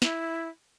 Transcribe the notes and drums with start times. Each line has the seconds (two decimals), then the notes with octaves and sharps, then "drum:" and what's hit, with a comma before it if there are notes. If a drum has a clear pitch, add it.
0.02 E4, drum: snare